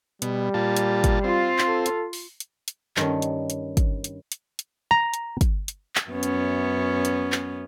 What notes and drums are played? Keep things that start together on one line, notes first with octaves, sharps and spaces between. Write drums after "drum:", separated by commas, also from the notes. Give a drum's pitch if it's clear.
B2 G3, drum: hi-hat
A#2 F4 A5
drum: hi-hat
drum: kick, hi-hat
C4 F4
drum: clap
A4
drum: hi-hat
drum: open hi-hat
drum: hi-hat
drum: hi-hat
G2 D#3 C#4, drum: clap
drum: hi-hat
drum: hi-hat
drum: kick, hi-hat
drum: hi-hat
drum: hi-hat
drum: hi-hat
A#5
drum: hi-hat
drum: kick, hi-hat
drum: hi-hat
drum: clap
F#2 B3 C#4
drum: hi-hat
drum: hi-hat
drum: clap